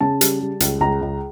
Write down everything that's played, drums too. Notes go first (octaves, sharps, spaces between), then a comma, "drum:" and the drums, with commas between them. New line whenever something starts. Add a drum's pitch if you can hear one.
C#3 A5
G3, drum: hi-hat
G3
C#2, drum: hi-hat
C#2 A#5
C#2